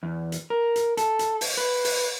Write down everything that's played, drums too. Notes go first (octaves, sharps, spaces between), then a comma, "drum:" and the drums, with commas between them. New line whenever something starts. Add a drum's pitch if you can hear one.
E2
drum: hi-hat
A#4
drum: hi-hat
A4, drum: hi-hat
drum: hi-hat
drum: open hi-hat
B4
drum: open hi-hat